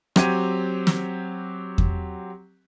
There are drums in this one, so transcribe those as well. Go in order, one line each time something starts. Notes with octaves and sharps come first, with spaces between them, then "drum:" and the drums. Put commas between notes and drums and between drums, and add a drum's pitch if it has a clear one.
F#3 C4 G4 G#6 D#7, drum: rim click
drum: snare
drum: kick E2